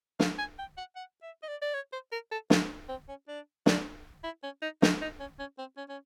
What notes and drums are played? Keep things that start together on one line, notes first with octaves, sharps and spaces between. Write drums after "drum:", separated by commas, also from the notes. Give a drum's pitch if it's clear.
F5, drum: snare
G#5
G5
F#5
F#5
E5
D#5
D5
D5
C#5
C5
A#4
A4
F4, drum: snare
C4
C#4
D4
D4, drum: snare
E4
C#4
D#4
D#4, drum: snare
D#4
C#4
C#4
C4
C#4
C#4